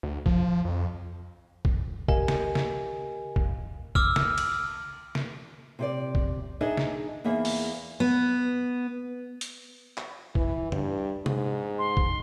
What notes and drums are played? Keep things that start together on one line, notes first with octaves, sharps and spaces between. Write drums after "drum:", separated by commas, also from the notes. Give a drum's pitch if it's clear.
D2
F3, drum: kick
F2
drum: kick
G4 A#4 D#5 F5 G#5, drum: kick
drum: snare
drum: snare
drum: kick
D6 E6 F6, drum: kick
drum: snare
drum: cymbal
drum: snare
C3 G4 D5
drum: kick
D4 D#4 G#4 D#5 E5
drum: snare
E2 A#3 G#4 E5
drum: open hi-hat
B3
drum: hi-hat
drum: clap
E3, drum: kick
G2, drum: tom
G#2, drum: tom C3
C6
drum: kick